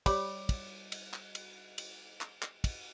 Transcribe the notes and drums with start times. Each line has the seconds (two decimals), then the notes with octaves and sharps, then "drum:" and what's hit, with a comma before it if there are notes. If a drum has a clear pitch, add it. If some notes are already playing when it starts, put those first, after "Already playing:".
0.06 G3 C#5 B5 D6, drum: kick, cymbal
0.49 drum: kick, cymbal
0.92 drum: cymbal
1.13 drum: clap
1.35 drum: cymbal
1.78 drum: cymbal
2.21 drum: clap
2.42 drum: clap
2.64 drum: kick, cymbal